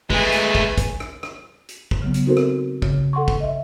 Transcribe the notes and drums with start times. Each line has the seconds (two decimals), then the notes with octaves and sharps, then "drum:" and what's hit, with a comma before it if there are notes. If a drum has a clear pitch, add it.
0.10 G#3 A3 B4 G#5, drum: kick
0.32 drum: hi-hat
0.55 drum: kick
0.78 drum: kick, hi-hat
1.00 drum: rim click
1.23 drum: rim click
1.69 drum: hi-hat
1.91 drum: kick
2.02 C#3 F#3 B3
2.14 drum: hi-hat
2.26 C4 D#4 F#4 A4 A#4 C5
2.37 drum: rim click
2.82 C#3, drum: kick
3.13 A4 F#5 C6 C#6
3.28 drum: kick
3.40 D#5 E5